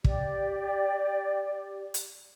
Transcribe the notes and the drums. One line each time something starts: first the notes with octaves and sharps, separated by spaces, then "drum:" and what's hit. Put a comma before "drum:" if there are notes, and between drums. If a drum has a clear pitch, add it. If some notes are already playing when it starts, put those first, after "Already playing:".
G4 D5, drum: kick
drum: hi-hat